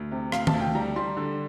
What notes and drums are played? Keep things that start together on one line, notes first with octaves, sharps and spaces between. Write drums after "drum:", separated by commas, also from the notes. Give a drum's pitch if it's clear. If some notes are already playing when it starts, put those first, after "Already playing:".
Already playing: D2
C3
D2 F5, drum: rim click
A5, drum: tom
D2
G5
G3 A#5
G3 C6
D3